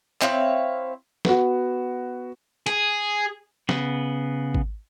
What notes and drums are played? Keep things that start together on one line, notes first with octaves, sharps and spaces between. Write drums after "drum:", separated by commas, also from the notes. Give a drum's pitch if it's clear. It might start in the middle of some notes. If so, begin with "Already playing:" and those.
C4 E4 C#5 F5, drum: clap
B3 F#4, drum: snare
G#4, drum: hi-hat
C#3 B3, drum: snare
drum: kick G#1